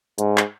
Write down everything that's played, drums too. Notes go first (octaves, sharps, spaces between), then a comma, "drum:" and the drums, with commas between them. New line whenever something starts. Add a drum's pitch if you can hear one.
G#2, drum: hi-hat
drum: clap